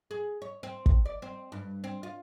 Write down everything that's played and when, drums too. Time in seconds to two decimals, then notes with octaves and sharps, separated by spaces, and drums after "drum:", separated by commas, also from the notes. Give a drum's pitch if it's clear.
0.11 G#4
0.42 C#5
0.63 C4
0.86 drum: kick
1.06 D5
1.22 C4
1.52 G2
1.84 C4
2.03 F4